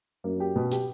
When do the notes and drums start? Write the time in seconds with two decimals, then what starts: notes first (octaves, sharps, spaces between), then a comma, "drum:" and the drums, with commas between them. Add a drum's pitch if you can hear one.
0.24 F#2 A#3
0.40 G4
0.56 B2
0.72 G4, drum: hi-hat